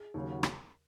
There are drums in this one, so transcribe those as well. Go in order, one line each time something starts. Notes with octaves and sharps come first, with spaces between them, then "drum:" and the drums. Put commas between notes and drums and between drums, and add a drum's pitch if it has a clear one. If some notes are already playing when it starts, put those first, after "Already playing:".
Already playing: G#4
D#2 C#3 F#3
F#4
drum: rim click